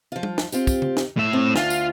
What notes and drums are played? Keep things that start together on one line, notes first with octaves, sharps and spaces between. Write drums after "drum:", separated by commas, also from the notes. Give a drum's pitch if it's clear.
F3 F4
drum: tom G3
drum: snare
C4 F4 G4, drum: tambourine
drum: kick, tambourine
drum: tom C#3
drum: snare
A2 E5
C4
D2 D4 F4 E5, drum: snare
drum: tambourine